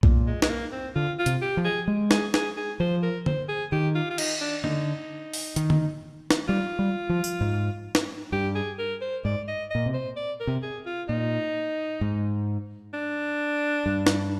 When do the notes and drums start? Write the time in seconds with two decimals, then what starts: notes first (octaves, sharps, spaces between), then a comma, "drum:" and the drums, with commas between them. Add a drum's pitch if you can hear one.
0.03 A#2, drum: kick B1
0.26 G#3
0.42 G#3, drum: snare
0.49 A#3
0.72 C4
0.96 D3 F4
1.19 F4
1.26 C3, drum: hi-hat
1.42 G4
1.57 F3
1.65 G#4
1.88 G#3
2.11 G#4, drum: snare
2.34 G#4, drum: snare
2.57 G#4
2.80 F3 C5
3.03 A#4
3.26 C5, drum: tom D3
3.49 G#4
3.72 D#3 G4
3.95 F4
4.10 F4
4.18 D#4, drum: cymbal
4.41 D4
4.64 D3 D#4, drum: tom D3
5.33 drum: open hi-hat
5.56 D#3, drum: hi-hat
5.70 drum: tom D3
6.30 drum: snare
6.48 G3 F4
6.79 G3
7.09 F3
7.24 drum: tambourine
7.41 G#2
7.95 drum: snare
8.32 G2 G4
8.55 G#4
8.79 A#4
9.01 C5
9.25 G#2 D5
9.48 D#5
9.71 A#2 D#5
9.86 C3
9.94 C5
10.16 D5
10.40 A#4
10.47 C3
10.63 G#4
10.86 F4
11.09 A#2 D#4
12.01 G#2
12.93 D4
13.86 G2
14.07 drum: snare